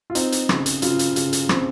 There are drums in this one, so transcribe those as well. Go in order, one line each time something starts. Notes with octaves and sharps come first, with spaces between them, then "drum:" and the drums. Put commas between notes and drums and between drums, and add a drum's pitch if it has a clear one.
F4
C4 D#4, drum: hi-hat
drum: hi-hat
C#3, drum: rim click
drum: hi-hat
C#3 F4, drum: hi-hat
drum: hi-hat
C#3, drum: hi-hat
drum: hi-hat
C4, drum: rim click